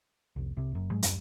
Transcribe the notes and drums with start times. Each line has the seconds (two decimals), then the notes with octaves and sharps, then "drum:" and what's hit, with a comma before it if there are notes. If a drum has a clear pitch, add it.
0.36 F1 C2
0.57 C2 C3
0.71 F#1 F#2
0.91 G#2 F#3 G#3
1.03 D1 F#2 G3, drum: hi-hat